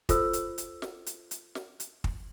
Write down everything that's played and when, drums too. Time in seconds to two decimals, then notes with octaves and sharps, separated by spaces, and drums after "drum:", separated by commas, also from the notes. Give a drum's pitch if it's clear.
0.09 F4 A4 C5 E6, drum: kick, hi-hat
0.33 drum: hi-hat
0.58 drum: hi-hat
0.82 drum: snare
1.06 drum: hi-hat
1.31 drum: hi-hat
1.55 drum: snare
1.80 drum: hi-hat
2.04 drum: kick